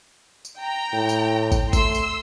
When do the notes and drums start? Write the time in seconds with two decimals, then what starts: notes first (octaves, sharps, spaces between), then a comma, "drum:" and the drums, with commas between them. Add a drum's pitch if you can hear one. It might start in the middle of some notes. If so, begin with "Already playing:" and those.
0.45 drum: tambourine
0.59 G5 A#5
0.93 A2
1.09 drum: tambourine
1.52 drum: kick, tambourine
1.73 A3 C6 E6, drum: kick, tambourine
1.95 drum: tambourine